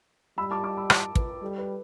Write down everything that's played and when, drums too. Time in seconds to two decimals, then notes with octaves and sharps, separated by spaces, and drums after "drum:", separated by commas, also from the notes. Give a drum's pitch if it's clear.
0.38 G3 B5 E6
0.51 A5 D6
0.64 A5 D6
0.77 B5 E6
0.90 A5 D6, drum: rim click
1.15 B4, drum: kick
1.42 G3 A4
1.58 B4